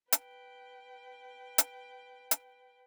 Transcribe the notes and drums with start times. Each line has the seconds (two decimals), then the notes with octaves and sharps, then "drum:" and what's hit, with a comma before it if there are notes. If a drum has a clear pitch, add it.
0.12 B4 G5, drum: hi-hat
1.58 drum: hi-hat
2.31 drum: hi-hat